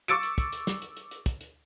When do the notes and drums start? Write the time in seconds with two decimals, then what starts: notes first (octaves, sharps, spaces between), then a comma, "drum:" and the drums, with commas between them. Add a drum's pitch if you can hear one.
0.08 C#6 D6 E6 A6 C#7 D7, drum: hi-hat
0.23 drum: hi-hat
0.38 drum: kick, hi-hat
0.52 drum: hi-hat
0.67 drum: snare
0.82 drum: hi-hat
0.97 drum: hi-hat
1.11 drum: hi-hat
1.26 drum: kick, hi-hat
1.41 drum: hi-hat